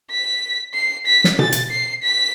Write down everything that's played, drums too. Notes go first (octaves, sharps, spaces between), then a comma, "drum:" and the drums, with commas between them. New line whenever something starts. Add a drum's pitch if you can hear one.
B6
C7
B6
drum: snare
A6, drum: tom B2
drum: hi-hat
C7
B6